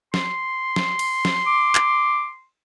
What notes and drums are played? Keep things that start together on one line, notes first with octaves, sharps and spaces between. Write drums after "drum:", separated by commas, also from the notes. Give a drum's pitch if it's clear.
C6, drum: snare
drum: snare
drum: cymbal
drum: snare
D6
drum: clap